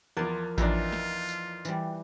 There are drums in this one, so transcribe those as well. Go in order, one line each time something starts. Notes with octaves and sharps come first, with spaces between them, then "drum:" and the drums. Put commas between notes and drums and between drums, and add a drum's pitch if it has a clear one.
E2 F3 A#4 D5 C6
F2 E3 A#3 D4 D#4 F4, drum: kick A1, tambourine
drum: snare
drum: tambourine
E3 G3, drum: tambourine